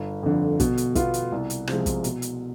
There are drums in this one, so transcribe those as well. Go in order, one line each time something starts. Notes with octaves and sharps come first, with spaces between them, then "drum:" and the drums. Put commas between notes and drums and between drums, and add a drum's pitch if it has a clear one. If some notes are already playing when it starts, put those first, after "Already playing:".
Already playing: G1
F2 D3
B2, drum: kick, hi-hat
drum: hi-hat
B3 F4, drum: kick, hi-hat
drum: hi-hat
C2
drum: hi-hat
C3 F3 G#3, drum: rim click
drum: kick, hi-hat
B2, drum: hi-hat
drum: hi-hat